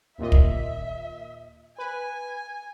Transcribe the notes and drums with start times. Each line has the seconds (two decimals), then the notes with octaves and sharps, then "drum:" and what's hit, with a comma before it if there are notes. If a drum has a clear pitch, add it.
0.18 D#2 A#2 D#5 E5
0.32 drum: kick
1.78 B4 G#5